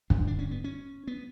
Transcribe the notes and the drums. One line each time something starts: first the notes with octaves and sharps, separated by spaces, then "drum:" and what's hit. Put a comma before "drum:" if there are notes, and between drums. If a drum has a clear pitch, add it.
G2 D3 D4, drum: kick
D4
C#4
B3
C#4
B3